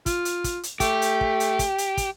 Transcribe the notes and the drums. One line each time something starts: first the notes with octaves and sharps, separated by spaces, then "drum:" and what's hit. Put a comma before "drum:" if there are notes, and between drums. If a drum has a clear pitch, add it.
F4, drum: kick, hi-hat
drum: hi-hat
drum: kick, hi-hat
drum: hi-hat
A3 G4, drum: kick, hi-hat
drum: hi-hat
drum: kick
drum: hi-hat
drum: kick, hi-hat
drum: hi-hat
drum: kick, hi-hat